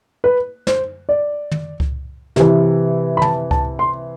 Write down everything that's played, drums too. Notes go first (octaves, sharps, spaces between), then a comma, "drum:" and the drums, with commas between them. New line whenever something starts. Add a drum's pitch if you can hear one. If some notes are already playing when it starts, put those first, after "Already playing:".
B4
C5, drum: snare
D5
drum: tom
drum: kick C#2
C3 E3, drum: snare
B5
A5, drum: tom
A5, drum: kick C#2
C6